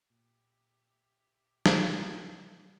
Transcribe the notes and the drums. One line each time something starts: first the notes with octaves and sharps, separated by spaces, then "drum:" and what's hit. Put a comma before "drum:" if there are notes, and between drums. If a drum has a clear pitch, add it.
A#2 G4 E5
drum: snare